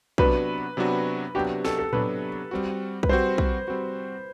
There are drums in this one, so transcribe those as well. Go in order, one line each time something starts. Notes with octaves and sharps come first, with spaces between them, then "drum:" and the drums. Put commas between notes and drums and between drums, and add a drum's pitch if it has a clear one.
C3 F#3 B3 D4 F#4 B4, drum: kick
C3 F#3 B3 D4 F#4
C3 F#3 B3 D4 F#4 G4
A4, drum: snare
A4
C3 F#3 B3 D4 F#4 B4, drum: tom A2
G3 C4 F#4
B4, drum: kick
G3 C4 F#4 C5
drum: kick
G3 C4 F#4